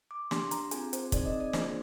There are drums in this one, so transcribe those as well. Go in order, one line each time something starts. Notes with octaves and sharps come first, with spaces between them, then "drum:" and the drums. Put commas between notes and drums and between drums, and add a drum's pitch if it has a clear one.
D6
D4 G4 C6, drum: snare
A#5, drum: hi-hat
C4 F4 G#4 G#5, drum: hi-hat
C5, drum: hi-hat
C4 D#4 G#4 D5, drum: kick, hi-hat
D#5
D5
A#3 D4 F4 G#4 C5, drum: snare